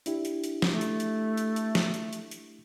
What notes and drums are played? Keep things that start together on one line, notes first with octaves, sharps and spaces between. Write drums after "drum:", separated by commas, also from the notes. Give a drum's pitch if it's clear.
D4 E4 G4, drum: hi-hat
drum: hi-hat
drum: hi-hat
drum: snare
A3
drum: hi-hat
drum: hi-hat
drum: hi-hat
drum: hi-hat
drum: snare
drum: hi-hat
drum: hi-hat
drum: hi-hat